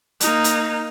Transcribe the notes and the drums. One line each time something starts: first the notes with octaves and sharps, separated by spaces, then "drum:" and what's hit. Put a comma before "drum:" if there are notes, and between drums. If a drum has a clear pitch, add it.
A#3 D#4, drum: hi-hat
drum: hi-hat